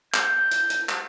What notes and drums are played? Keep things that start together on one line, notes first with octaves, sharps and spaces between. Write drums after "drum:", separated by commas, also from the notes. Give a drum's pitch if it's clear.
G6, drum: clap
drum: hi-hat
drum: hi-hat
drum: clap